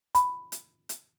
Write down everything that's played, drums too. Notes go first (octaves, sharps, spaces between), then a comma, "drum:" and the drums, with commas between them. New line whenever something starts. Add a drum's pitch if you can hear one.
B5, drum: hi-hat
drum: hi-hat
drum: hi-hat